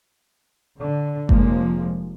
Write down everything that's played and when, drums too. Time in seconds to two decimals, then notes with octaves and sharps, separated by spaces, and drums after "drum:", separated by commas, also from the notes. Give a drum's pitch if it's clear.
0.78 D3
1.29 F1 F3 G#3 A#3, drum: kick G1